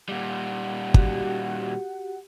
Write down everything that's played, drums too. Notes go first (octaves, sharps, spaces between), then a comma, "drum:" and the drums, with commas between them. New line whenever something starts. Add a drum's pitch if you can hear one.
A#2 G3 F#5
F#4 G4, drum: kick